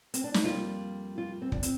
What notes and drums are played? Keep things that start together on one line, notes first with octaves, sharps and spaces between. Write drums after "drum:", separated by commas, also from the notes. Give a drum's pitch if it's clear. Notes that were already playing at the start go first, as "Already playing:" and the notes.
C4, drum: hi-hat
D4
D#4, drum: snare
F2 D#3 G3 A#3 F4
F4
C4
D4, drum: kick
C4, drum: hi-hat